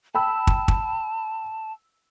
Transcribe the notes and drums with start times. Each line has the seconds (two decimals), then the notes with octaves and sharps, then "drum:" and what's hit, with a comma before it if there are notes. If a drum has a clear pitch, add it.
0.15 G5 A5 B5 E6
0.47 drum: kick
0.68 drum: kick